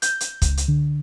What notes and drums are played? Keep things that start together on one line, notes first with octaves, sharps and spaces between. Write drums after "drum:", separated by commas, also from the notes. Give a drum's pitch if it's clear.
G6, drum: hi-hat
drum: hi-hat
C#2, drum: kick, hi-hat
drum: hi-hat
D3